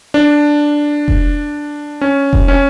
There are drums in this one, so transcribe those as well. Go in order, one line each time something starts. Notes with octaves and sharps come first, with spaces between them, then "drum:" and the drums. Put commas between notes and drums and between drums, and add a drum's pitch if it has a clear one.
D4
drum: kick F1
C#4
drum: kick F1
C#4